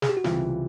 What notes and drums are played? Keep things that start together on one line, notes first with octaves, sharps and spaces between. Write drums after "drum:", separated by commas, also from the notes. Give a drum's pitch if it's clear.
G#4, drum: snare
G4
F#4
C#2 C3 E3 G3 F4, drum: snare